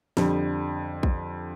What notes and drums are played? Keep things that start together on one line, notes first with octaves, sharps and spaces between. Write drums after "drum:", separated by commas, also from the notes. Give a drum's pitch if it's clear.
F2 D3 G3, drum: snare
drum: kick A#1